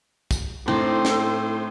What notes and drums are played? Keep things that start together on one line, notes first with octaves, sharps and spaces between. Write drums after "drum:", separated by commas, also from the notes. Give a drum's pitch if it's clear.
drum: kick, tambourine
A2 C4 D4 D#4 A4 C5
drum: snare